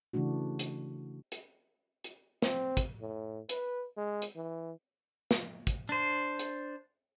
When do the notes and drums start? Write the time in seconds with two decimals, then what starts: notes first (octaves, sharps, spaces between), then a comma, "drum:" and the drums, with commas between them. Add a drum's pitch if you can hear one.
0.13 C#3 E3 A3 D4 F#4
0.59 drum: hi-hat
1.32 drum: hi-hat
2.04 drum: hi-hat
2.42 C4, drum: snare
2.77 drum: kick, hi-hat
3.01 A2
3.49 B4, drum: hi-hat
3.97 G#3
4.22 drum: hi-hat
4.36 E3
5.31 drum: snare
5.67 drum: kick, hi-hat
5.89 D4 C5
6.39 drum: hi-hat